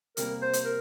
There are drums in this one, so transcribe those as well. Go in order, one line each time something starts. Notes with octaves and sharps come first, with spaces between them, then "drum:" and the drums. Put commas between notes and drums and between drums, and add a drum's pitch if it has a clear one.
C3 G3 A#3 A#4, drum: hi-hat
C5
drum: hi-hat
A#4